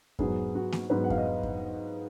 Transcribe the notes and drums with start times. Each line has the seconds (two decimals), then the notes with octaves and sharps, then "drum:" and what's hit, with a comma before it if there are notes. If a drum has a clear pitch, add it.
0.19 G#2 F#3 B3 G#4, drum: kick F2
0.55 F#4
0.72 drum: snare A#3
0.90 G#2 F#3 B3 B4
1.04 F#5
1.10 F5, drum: kick F2
1.18 D#5
1.43 drum: kick F2